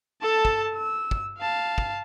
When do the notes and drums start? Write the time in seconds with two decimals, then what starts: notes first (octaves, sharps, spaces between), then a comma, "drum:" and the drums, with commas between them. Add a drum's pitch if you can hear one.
0.23 A4 A5
0.45 drum: kick
0.75 E6
1.11 drum: kick
1.38 F5 A5
1.78 drum: kick